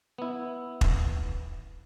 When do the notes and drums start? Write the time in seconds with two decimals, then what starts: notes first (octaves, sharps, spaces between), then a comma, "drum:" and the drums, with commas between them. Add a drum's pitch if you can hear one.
0.18 B3 E4
0.81 drum: kick